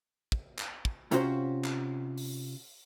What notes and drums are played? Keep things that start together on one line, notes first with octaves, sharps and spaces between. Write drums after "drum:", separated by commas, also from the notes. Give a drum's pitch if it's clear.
drum: kick
drum: clap
drum: kick
C3 C#4 F4 F#4 C5, drum: hi-hat
drum: clap
drum: open hi-hat